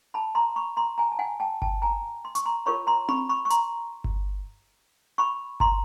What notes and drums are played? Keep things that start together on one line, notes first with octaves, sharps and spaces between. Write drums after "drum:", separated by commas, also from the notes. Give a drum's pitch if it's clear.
A5 B5
A#5 C6
B5 C#6
A#5 C6
G#5 A#5
A5
F#5 G#5
G5 A5
G5 A5, drum: kick G1
G#5 A#5
C6
C#6, drum: hi-hat
A#5 C6
F4 A#4 C#5 B5 C#6
A#5 C6
B5 C#6, drum: tom C4
B5 C#6
C#6
A#5 C6, drum: hi-hat
drum: kick G1
B5 C#6
A#5 C6, drum: kick G1